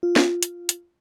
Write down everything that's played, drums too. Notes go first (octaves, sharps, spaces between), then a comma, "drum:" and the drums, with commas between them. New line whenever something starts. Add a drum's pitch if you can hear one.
F4
drum: snare
drum: hi-hat
drum: hi-hat